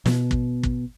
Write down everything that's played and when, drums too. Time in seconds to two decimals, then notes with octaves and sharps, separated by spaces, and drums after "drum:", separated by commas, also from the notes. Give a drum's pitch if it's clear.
0.06 B2, drum: snare
0.31 drum: kick
0.63 drum: kick